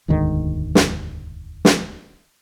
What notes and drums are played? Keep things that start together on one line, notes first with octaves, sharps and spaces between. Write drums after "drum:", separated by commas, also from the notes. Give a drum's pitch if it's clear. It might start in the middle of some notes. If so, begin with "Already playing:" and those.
E1 D2 G#2 D#3
drum: snare
drum: snare